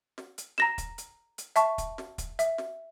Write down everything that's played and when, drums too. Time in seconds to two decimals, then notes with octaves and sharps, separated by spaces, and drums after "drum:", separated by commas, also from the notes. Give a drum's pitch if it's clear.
0.18 drum: snare
0.38 drum: hi-hat
0.58 A#5 A#6 E7, drum: snare
0.78 drum: kick, hi-hat
0.98 drum: hi-hat
1.38 drum: hi-hat
1.56 E5 A5 C#6, drum: hi-hat
1.78 drum: kick, hi-hat
1.98 drum: snare
2.18 drum: kick, hi-hat
2.39 E5, drum: hi-hat
2.58 drum: snare